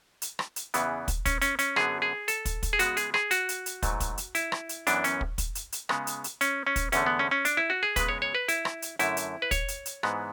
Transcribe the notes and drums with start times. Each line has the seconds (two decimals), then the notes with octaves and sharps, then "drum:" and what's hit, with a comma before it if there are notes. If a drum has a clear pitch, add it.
0.22 drum: hi-hat
0.39 drum: rim click
0.56 drum: hi-hat
0.74 E2 C#3 E3 B3, drum: hi-hat
1.08 drum: kick, hi-hat
1.26 C#4, drum: kick, hi-hat
1.42 C#4, drum: hi-hat
1.59 C#4, drum: hi-hat
1.76 F#2 D3 F#3 B3 G#4, drum: rim click
2.02 G#4
2.28 A4, drum: hi-hat
2.45 drum: kick, hi-hat
2.63 drum: kick, hi-hat
2.73 G#4
2.79 C#3 G#3 B3 F#4, drum: hi-hat
2.97 G#4, drum: hi-hat
3.14 G#4, drum: rim click
3.31 F#4, drum: hi-hat
3.49 drum: hi-hat
3.66 drum: hi-hat
3.83 G#2 F#3 A3, drum: kick, hi-hat
4.00 drum: kick, hi-hat
4.18 drum: hi-hat
4.35 E4, drum: hi-hat
4.52 drum: rim click
4.69 drum: hi-hat
4.87 F#2 E3 B3 D4, drum: hi-hat
5.04 C#4, drum: hi-hat
5.21 drum: kick
5.38 drum: kick, hi-hat
5.55 drum: hi-hat
5.72 drum: hi-hat
5.89 C#3 G#3 B3, drum: rim click
6.07 drum: hi-hat
6.24 drum: hi-hat
6.41 C#4, drum: hi-hat
6.67 C#4
6.76 drum: kick, hi-hat
6.92 E2 D3 A3 C#4, drum: hi-hat
7.06 B3
7.19 C#4
7.31 C#4
7.45 D4, drum: hi-hat
7.57 E4
7.70 F#4
7.83 G#4
7.96 C#3 G#3 B3 B4, drum: kick, hi-hat
8.09 C#5
8.22 C#5
8.35 B4
8.48 E4, drum: hi-hat
8.65 drum: rim click
8.82 drum: hi-hat
8.99 F#2 D3 A3 E4, drum: hi-hat
9.17 drum: hi-hat
9.42 B4
9.51 C#5, drum: kick, hi-hat
9.68 drum: hi-hat
9.86 drum: hi-hat
10.03 G#2 E3 G#3 B3, drum: rim click